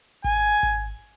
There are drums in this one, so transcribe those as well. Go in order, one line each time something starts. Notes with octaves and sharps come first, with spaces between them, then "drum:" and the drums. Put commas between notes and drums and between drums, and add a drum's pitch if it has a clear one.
G#5, drum: kick G#1
drum: kick G#1, hi-hat